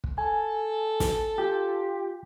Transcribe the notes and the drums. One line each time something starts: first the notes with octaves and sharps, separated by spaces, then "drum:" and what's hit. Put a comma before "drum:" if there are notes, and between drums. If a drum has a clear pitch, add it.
drum: kick
A4 G#5
drum: snare
F4 G4